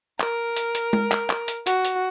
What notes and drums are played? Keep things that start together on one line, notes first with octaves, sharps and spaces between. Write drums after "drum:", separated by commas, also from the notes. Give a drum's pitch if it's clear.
A#4, drum: clap
drum: hi-hat
drum: hi-hat
drum: tom G#3
drum: clap
drum: clap
drum: hi-hat
F#4, drum: hi-hat
drum: hi-hat